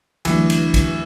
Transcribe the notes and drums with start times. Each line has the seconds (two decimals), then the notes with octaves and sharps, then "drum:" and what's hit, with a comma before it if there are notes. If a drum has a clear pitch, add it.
0.25 D2 D3 E3 F#3 A3 D4, drum: cymbal
0.50 drum: cymbal
0.74 drum: kick B1, cymbal